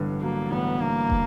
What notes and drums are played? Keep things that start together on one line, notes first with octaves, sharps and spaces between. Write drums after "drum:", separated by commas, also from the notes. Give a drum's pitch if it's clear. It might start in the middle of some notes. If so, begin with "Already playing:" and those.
Already playing: A1 G2 D3
F#3 A#3
A1 B3
D3 A#3
drum: kick